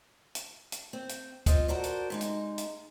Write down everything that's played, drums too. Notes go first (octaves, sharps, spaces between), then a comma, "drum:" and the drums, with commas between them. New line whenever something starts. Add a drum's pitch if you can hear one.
drum: hi-hat
drum: hi-hat
C4
drum: hi-hat
C4 F4 C5 D#5, drum: kick, hi-hat
F#4 A4 A#4 C5 D5
drum: hi-hat
C3 G#3 D#4
drum: hi-hat
drum: hi-hat